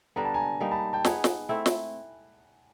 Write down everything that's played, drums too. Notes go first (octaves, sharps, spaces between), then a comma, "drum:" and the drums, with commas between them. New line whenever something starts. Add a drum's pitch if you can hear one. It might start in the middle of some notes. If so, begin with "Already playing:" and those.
D3 G3 B3 D4 A#5
A5
G#5 A#5
G3 A#3 D#4
A5 B5
G5 A5
B3 D#4 G#4 F#5 G#5, drum: snare
drum: snare
A3 C4 E4
drum: snare